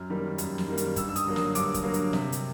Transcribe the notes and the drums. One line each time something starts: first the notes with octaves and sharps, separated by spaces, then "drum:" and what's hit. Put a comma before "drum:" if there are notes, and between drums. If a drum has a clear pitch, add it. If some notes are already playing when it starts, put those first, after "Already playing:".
Already playing: F#2 F6
D#3 G3 A#3
F#2, drum: hi-hat
drum: snare
D#3 G3 A#3
drum: hi-hat
G2 E6, drum: kick, hi-hat
E6
D#6, drum: hi-hat
D3 F#3 A#3
D#6, drum: snare
G2 D6, drum: hi-hat
drum: kick, hi-hat
D3 F#3 A#3
drum: hi-hat
C3, drum: snare
drum: hi-hat